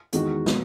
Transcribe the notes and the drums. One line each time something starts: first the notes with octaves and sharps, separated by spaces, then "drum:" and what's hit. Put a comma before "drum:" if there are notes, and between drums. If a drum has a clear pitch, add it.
E2 D#3 G#3 D#4 F#4, drum: hi-hat
B2 F#3 B3, drum: snare